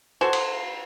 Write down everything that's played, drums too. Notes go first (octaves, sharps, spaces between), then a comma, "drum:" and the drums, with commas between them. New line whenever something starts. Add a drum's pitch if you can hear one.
F#4 A4 C5 G#5
drum: cymbal